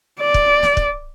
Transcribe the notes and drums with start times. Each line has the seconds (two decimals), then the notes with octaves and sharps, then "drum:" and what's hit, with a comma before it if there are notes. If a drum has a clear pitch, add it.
0.20 D5
0.34 drum: kick
0.63 drum: snare
0.77 drum: kick